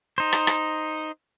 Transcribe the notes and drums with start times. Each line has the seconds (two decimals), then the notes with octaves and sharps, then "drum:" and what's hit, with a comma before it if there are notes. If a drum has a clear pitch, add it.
0.18 D#4 C5
0.33 drum: rim click
0.47 drum: rim click